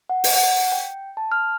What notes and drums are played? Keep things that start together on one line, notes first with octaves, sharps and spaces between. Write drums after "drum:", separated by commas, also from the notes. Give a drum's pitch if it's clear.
F#5
drum: open hi-hat
F#5
G5
A5
F6